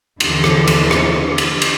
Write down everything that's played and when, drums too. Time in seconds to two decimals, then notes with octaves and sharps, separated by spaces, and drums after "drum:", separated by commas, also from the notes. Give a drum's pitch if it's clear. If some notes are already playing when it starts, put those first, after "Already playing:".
0.20 D#2 D3 E3 F3, drum: cymbal
0.44 drum: rim click
0.67 drum: cymbal
0.91 drum: rim click
1.38 drum: cymbal
1.62 drum: cymbal